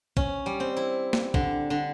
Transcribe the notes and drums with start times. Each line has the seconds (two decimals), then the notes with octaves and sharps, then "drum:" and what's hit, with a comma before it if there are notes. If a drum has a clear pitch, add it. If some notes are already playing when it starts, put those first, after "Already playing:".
0.17 C#4, drum: kick
0.46 G3
0.60 C4
0.77 E4
1.13 drum: snare
1.34 D3, drum: kick
1.70 D3